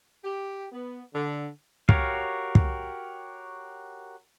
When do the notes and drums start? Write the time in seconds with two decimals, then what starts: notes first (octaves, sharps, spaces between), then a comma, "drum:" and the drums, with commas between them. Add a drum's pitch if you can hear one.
0.23 G4
0.72 B3
1.13 D3
1.89 F#4 G4 A#4 C#5 F5, drum: kick
2.55 drum: kick